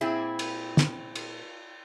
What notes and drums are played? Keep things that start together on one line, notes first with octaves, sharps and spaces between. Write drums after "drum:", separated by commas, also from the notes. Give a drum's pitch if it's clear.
A#2 C4 E4 G#4
drum: cymbal
drum: snare
drum: cymbal